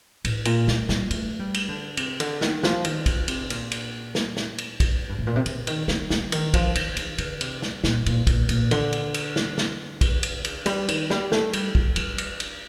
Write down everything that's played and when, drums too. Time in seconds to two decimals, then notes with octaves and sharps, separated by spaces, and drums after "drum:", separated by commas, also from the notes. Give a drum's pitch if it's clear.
0.25 A2, drum: cymbal
0.45 A#2, drum: cymbal
0.68 A3, drum: snare
0.89 G3, drum: snare
1.11 A3, drum: cymbal
1.39 G3
1.54 drum: cymbal
1.68 D3
1.97 C3, drum: cymbal
2.20 D3, drum: cymbal
2.41 D#3, drum: snare
2.63 F3, drum: snare
2.84 D#3, drum: cymbal
3.06 D3, drum: kick, cymbal
3.28 C3, drum: cymbal
3.50 A#2, drum: cymbal
3.71 drum: cymbal
4.15 drum: snare
4.37 drum: snare
4.58 drum: cymbal
4.80 drum: kick, cymbal
5.09 G2
5.19 A2
5.27 A#2
5.36 C3
5.46 D3, drum: cymbal
5.67 D#3, drum: cymbal
5.88 D#3, drum: snare
6.10 D3, drum: snare
6.32 D#3, drum: cymbal
6.54 F3, drum: kick, cymbal
6.75 D#3, drum: cymbal
6.97 D#3, drum: cymbal
7.18 D3, drum: cymbal
7.41 C3, drum: cymbal
7.62 drum: snare
7.84 A#2, drum: snare
8.06 A#2, drum: cymbal
8.27 A#2, drum: kick, cymbal
8.49 A#2, drum: cymbal
8.71 D3, drum: cymbal
8.93 drum: cymbal
9.14 drum: cymbal
9.36 drum: snare
9.58 drum: snare
10.01 drum: kick, cymbal
10.23 drum: cymbal
10.45 drum: cymbal
10.66 G3, drum: cymbal
10.88 D#3, drum: cymbal
11.10 G3, drum: snare
11.32 A3, drum: snare
11.53 G3, drum: cymbal
11.75 G3, drum: kick
11.96 G3, drum: cymbal
12.18 drum: cymbal
12.40 drum: cymbal